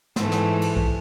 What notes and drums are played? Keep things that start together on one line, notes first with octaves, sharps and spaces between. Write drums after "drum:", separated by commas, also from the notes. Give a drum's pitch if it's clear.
G#2 E3 A3, drum: snare
drum: snare
drum: cymbal
drum: kick B1